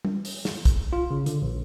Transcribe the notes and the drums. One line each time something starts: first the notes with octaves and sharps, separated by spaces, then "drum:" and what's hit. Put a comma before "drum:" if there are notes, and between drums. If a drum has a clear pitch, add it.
drum: tom G3
drum: open hi-hat
drum: snare
drum: kick, hi-hat
F4
C#3
D3, drum: hi-hat
A#1